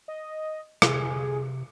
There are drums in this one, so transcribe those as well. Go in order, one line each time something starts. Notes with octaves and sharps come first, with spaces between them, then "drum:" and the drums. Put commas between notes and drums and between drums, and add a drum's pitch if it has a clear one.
D#5
C3 G#4, drum: rim click